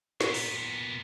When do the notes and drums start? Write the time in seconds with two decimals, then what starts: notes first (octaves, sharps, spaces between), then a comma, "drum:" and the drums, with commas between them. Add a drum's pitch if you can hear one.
0.21 A#2 B3, drum: snare
0.34 drum: open hi-hat